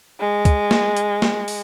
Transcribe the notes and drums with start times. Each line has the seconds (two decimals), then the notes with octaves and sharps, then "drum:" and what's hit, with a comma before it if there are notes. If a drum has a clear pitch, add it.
0.20 G#3
0.45 drum: kick, hi-hat
0.71 drum: snare
0.97 drum: hi-hat
1.22 drum: snare
1.48 drum: open hi-hat